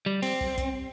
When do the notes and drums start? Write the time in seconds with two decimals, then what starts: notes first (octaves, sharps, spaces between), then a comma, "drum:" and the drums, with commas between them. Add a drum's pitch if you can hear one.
0.06 G3
0.22 C4, drum: open hi-hat
0.40 drum: kick
0.58 drum: kick, hi-hat